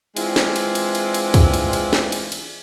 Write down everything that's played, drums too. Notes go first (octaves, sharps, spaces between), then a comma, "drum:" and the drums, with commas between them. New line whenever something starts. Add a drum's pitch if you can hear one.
E3 G#3 C4 D4 E4 F4, drum: cymbal
drum: snare
drum: cymbal
drum: cymbal
drum: cymbal
drum: cymbal
drum: kick, cymbal
drum: cymbal
drum: cymbal
drum: snare
drum: cymbal
drum: cymbal